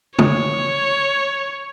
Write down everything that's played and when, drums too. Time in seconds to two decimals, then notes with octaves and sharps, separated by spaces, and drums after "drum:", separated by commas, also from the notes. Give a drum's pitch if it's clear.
0.19 C#5, drum: tom